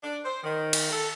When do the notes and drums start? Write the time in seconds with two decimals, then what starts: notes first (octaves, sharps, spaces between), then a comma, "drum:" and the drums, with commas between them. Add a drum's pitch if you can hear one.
0.04 D4
0.25 C5
0.43 D#3
0.73 drum: cymbal
0.91 A4